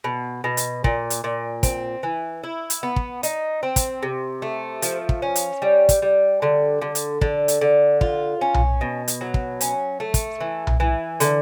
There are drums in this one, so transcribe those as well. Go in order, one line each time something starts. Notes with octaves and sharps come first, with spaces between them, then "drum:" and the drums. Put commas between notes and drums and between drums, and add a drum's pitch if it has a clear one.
B2
B2
drum: hi-hat
A#2, drum: kick
drum: hi-hat
A#2
C4, drum: kick, hi-hat
E3
E4
drum: hi-hat
B3
drum: kick
D#4, drum: hi-hat
C4
drum: kick, hi-hat
C3
A3
F3, drum: hi-hat
drum: kick
C#4
drum: hi-hat
G3
drum: kick, hi-hat
G3
D3
D3
drum: hi-hat
D3, drum: kick
drum: hi-hat
D3
F4, drum: kick
C#4
drum: tom B1
B2
drum: hi-hat
F#3
drum: kick
C#4, drum: hi-hat
A3
drum: kick, hi-hat
E3
drum: tom B1
E3
D3, drum: hi-hat